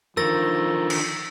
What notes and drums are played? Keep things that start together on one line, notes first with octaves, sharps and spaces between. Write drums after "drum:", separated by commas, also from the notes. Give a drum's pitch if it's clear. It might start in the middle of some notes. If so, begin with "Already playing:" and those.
D3 D#3 F3 A#4 E6 A6 A#6
drum: cymbal